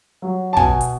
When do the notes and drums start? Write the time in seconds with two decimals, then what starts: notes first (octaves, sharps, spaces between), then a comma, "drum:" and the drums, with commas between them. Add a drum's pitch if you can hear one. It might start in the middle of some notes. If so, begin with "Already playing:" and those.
0.22 F#3
0.53 A5
0.57 B2 G#5, drum: kick
0.81 drum: hi-hat